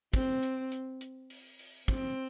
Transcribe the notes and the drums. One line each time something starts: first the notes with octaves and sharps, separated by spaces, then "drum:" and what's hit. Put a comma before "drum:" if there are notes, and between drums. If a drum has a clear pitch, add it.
C4, drum: kick, hi-hat
drum: hi-hat
drum: hi-hat
drum: hi-hat
drum: open hi-hat
drum: open hi-hat
C4, drum: kick, hi-hat